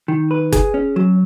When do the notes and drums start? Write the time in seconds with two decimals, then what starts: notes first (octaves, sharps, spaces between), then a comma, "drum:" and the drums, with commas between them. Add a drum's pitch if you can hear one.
0.08 D#3
0.31 B4
0.52 G#4, drum: kick F#1, hi-hat
0.74 C#4
0.96 F#3